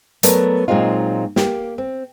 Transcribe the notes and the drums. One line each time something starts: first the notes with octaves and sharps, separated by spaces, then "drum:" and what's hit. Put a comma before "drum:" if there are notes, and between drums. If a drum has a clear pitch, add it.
F#3 A3 B3 A#4 D5, drum: hi-hat
A#2 F#3 G#3 C4 D#4 F4
A#3 G4, drum: snare
C4